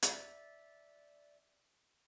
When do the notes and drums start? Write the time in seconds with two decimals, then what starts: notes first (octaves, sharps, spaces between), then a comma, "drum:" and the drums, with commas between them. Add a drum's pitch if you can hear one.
0.03 D5 E5, drum: hi-hat